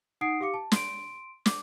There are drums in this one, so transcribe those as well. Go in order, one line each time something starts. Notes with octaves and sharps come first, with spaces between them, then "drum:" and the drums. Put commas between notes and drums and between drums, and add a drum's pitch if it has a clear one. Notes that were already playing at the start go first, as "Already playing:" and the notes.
D#4 F#5 D#6 C7 D7
G4 F5 D6 C#7
A5
C6 D7, drum: snare
D6, drum: snare